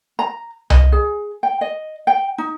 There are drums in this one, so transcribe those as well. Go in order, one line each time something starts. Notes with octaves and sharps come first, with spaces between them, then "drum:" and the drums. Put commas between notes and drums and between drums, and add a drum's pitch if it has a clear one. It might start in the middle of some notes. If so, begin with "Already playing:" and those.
A#5
D#5, drum: tom C2
G#4
G5
D#5
G5
D#4